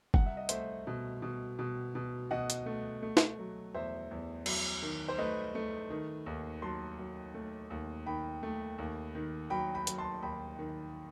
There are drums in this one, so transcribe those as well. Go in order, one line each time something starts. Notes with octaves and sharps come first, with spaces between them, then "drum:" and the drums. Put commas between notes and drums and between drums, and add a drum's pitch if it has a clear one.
C2 F#5, drum: kick
E5
D#5
A3 C5 E5, drum: hi-hat
B2
B2
B2
B2
B2 D#5 F#5
drum: hi-hat
A3
A3
drum: snare
F#3
E2 C5 E5
E2
F#3, drum: cymbal
D#3
C5
A3 B4 D#5
A3
D#3
D#2
F#3 A5 C6
F#3
A3
D#2
D#3 G5 B5
A3
D#2
D#3
F#3 G5 B5
G5 B5
F#3, drum: hi-hat
A5 C6
D#2 G5 B5
D#3